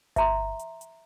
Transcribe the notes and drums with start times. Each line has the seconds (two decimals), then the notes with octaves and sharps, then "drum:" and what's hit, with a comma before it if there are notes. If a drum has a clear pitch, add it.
0.16 E5 A#5 C6, drum: kick G1, hi-hat
0.59 drum: hi-hat
0.81 drum: hi-hat